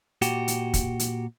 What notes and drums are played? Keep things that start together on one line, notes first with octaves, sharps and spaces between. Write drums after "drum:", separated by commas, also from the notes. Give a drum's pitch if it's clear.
A#2 F#4 G4, drum: hi-hat
drum: hi-hat
drum: kick, hi-hat
drum: hi-hat